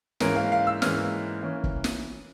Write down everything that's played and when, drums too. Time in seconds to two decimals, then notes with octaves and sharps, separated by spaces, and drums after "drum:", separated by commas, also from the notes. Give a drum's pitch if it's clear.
0.20 G#2 E3 A#3 C#4 A#4, drum: snare
0.36 F5
0.52 F5
0.67 E6
0.82 G#2 E3 A#3 C#4 F6, drum: snare
1.43 E3 A#3 C#4
1.64 drum: kick
1.84 drum: snare